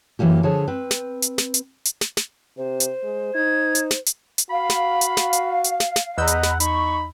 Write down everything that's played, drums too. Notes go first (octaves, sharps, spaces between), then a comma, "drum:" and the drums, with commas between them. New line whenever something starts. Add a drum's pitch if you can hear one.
F#2 E3 F#3 A#3 G4
D3 F3 G#4 C#5 A5
C4 B4
drum: snare
drum: hi-hat
drum: snare
drum: hi-hat
drum: hi-hat
drum: snare
drum: snare
C3 C5
drum: hi-hat
G#3
D#4 G#6
drum: hi-hat
drum: snare
drum: hi-hat
drum: hi-hat
F#4 F5 B5
drum: snare
drum: hi-hat
drum: snare
drum: hi-hat
drum: hi-hat
drum: snare
drum: snare
E2 D#5 F#5 A#5 B5 E6 G6
drum: hi-hat
drum: snare
D#4 B5 C#6, drum: hi-hat